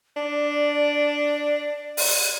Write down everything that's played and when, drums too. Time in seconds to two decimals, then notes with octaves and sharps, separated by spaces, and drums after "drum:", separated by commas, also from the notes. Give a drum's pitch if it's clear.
0.16 D4 D5
1.97 drum: open hi-hat